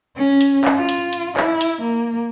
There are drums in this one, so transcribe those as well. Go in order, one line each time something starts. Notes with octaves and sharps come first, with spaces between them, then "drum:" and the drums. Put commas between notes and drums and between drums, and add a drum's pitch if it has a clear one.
C#4
drum: hi-hat
drum: clap
F4
drum: hi-hat
drum: hi-hat
E4, drum: clap
drum: hi-hat
A#3